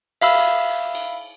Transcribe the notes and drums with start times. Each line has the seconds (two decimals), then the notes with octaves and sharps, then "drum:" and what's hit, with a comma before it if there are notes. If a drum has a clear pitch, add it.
0.21 E5 F5 B5 E6, drum: open hi-hat
0.95 drum: cymbal